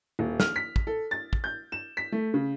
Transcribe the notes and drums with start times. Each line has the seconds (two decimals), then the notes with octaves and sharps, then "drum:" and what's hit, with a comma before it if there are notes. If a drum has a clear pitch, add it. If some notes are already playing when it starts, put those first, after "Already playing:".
0.19 D#1
0.40 F6, drum: snare
0.56 B6
0.76 drum: kick
0.87 A4
1.11 A6
1.33 drum: kick
1.44 G6
1.72 E7
1.97 B6
2.12 A3
2.34 C#3